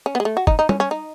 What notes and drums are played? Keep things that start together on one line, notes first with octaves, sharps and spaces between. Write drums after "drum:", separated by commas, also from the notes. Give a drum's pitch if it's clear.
C#4
B3
G#3
A3
F#4
D#4, drum: kick
D#4
C#4, drum: tom G3
C#4
D#4